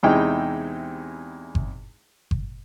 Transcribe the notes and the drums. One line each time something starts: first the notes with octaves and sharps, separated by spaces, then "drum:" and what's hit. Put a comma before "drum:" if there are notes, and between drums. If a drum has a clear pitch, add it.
E2 C3 G#3 D#4 E4 G5
drum: kick G1
drum: kick G1